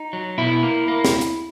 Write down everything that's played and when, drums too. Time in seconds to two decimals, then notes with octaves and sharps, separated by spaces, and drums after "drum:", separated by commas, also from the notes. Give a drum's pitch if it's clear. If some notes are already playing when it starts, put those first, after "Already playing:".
Already playing: D#4
0.13 F#3
0.38 B2 E4
0.63 A#3
0.88 A#3
1.05 drum: snare
1.21 drum: hi-hat